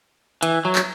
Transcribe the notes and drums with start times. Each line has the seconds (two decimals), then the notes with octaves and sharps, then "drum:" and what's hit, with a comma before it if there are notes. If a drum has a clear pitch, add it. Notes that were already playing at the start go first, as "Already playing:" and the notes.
0.43 E3, drum: hi-hat
0.65 F#3
0.75 drum: clap